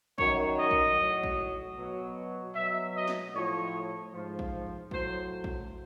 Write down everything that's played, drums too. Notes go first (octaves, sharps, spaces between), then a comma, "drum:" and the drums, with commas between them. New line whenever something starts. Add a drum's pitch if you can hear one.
F#2 D#3 F#3 C#5, drum: kick
D#5
drum: kick
A2 F#3
drum: kick
B2 F#3
B2 F#3 E5
D#5
drum: snare
A2 F3 C#5
G#2 F3
drum: kick
A2 F#3 C5, drum: kick
drum: kick